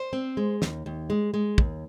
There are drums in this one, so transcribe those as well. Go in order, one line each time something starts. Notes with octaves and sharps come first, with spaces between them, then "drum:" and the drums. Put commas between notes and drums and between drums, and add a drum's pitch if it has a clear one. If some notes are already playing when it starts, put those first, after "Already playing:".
Already playing: C5
C4
G#3
D#2, drum: snare
D#2
G#3
G#3
D#2, drum: kick